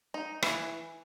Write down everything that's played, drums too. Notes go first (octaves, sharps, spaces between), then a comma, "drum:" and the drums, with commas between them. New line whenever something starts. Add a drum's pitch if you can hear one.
D#4
E3, drum: rim click